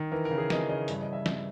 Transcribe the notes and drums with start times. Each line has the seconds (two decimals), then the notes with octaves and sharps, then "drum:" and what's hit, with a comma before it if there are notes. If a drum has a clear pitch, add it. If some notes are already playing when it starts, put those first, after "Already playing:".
Already playing: D#3
0.12 E3 A#4
0.25 A#4
0.31 C#3
0.38 G#4
0.50 E3 D#5, drum: snare
0.69 C#3 D#5
0.88 G2, drum: hi-hat
1.00 D#5
1.07 G2
1.13 E5
1.26 G2, drum: snare